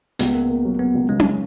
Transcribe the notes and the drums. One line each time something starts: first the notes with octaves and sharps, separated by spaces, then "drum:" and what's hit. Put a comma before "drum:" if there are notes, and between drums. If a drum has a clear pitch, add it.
C#2 B3, drum: hi-hat
A#3
A#3
F#3
F#3 B3
C#2
C#3 G#3
drum: tom C#4